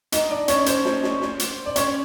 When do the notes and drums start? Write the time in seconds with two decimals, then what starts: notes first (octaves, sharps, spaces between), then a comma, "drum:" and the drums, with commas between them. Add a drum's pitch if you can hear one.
0.12 D#4 D#5, drum: hi-hat
0.30 D4 D5
0.48 C#4 C#5, drum: hi-hat
0.66 C5, drum: hi-hat
0.85 drum: snare
1.03 drum: snare
1.21 drum: snare
1.39 drum: hi-hat
1.66 D5
1.76 C#4 C#5, drum: hi-hat